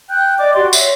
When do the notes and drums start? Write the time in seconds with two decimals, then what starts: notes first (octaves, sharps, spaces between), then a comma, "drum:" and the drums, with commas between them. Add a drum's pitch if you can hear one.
0.09 G5 F#6 G6
0.39 D5 D#5 D6
0.55 F#4 G4 D5 C6
0.73 C#5 E5, drum: tambourine